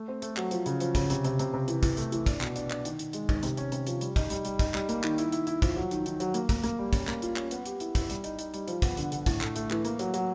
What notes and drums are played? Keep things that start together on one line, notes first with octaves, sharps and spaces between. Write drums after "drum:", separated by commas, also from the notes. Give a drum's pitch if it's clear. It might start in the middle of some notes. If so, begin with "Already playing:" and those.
Already playing: A3
C4
A3, drum: hi-hat
F#3, drum: clap
F3, drum: hi-hat
C#3, drum: hi-hat
F3, drum: hi-hat
C#3, drum: kick, hi-hat
C3, drum: hi-hat
C3, drum: hi-hat
C3, drum: hi-hat
C3
E3, drum: hi-hat
E3, drum: kick, hi-hat
A3, drum: hi-hat
E3, drum: hi-hat
D4, drum: kick, hi-hat
B2, drum: clap
D4, drum: hi-hat
D4, drum: clap
D#3, drum: hi-hat
D#3, drum: hi-hat
G#3, drum: hi-hat
D#3, drum: kick
C3, drum: hi-hat
C#4, drum: hi-hat
C3, drum: hi-hat
F3, drum: hi-hat
G3, drum: hi-hat
D#4, drum: kick, hi-hat
G3, drum: hi-hat
G3, drum: hi-hat
D#4, drum: kick, hi-hat
G3, drum: clap
A#3, drum: hi-hat
D#3, drum: clap
E4, drum: hi-hat
E4, drum: hi-hat
E4, drum: hi-hat
F3, drum: kick, hi-hat
F#3
D#3, drum: hi-hat
D#3, drum: hi-hat
F#3, drum: hi-hat
A#3, drum: hi-hat
A#3, drum: kick, hi-hat
A#3, drum: hi-hat
G3
C#4, drum: kick, hi-hat
A#3, drum: clap
F4, drum: hi-hat
C#4, drum: clap
B3, drum: hi-hat
G4, drum: hi-hat
E4, drum: hi-hat
E4, drum: kick, hi-hat
G3, drum: hi-hat
D#4, drum: hi-hat
D#4, drum: hi-hat
G3, drum: hi-hat
F3, drum: hi-hat
B3, drum: kick, hi-hat
D3, drum: hi-hat
D3, drum: hi-hat
A2, drum: kick, hi-hat
A3, drum: clap
A3, drum: hi-hat
E3, drum: clap
A#3, drum: hi-hat
F#3, drum: hi-hat
F#3, drum: hi-hat